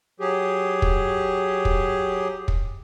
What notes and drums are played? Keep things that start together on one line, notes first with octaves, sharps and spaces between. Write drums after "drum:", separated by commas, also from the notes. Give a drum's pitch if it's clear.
F#3 G4 G#4
drum: kick
drum: kick
drum: kick